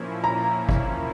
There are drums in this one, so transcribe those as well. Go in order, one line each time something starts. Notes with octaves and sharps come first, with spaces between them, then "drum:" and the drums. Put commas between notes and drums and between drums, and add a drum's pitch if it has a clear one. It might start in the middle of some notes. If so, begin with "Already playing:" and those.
Already playing: A#2 F3 A#3 C#4 E4
A#5
drum: kick